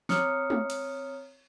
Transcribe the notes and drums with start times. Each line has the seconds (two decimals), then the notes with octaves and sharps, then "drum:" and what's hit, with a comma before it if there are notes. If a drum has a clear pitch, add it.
0.09 C4 C#5 A#5 D#6 F6 C#7, drum: snare
0.50 drum: tom G#3
0.70 drum: cymbal